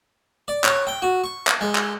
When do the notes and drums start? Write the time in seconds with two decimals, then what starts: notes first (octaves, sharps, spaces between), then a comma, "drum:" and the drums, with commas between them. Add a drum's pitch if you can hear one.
0.48 D5
0.64 C#5, drum: clap
0.87 G5
1.02 F#4
1.24 C#6
1.47 drum: clap
1.61 G#3
1.75 drum: clap